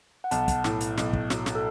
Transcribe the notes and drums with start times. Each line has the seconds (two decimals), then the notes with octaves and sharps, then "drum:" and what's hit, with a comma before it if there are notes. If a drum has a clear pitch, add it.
0.24 F#5
0.31 B1 A5, drum: hi-hat
0.48 drum: kick, hi-hat
0.64 A2, drum: snare
0.81 drum: hi-hat
0.97 B1, drum: snare
1.13 drum: kick
1.30 F#3, drum: snare
1.46 drum: snare
1.55 A4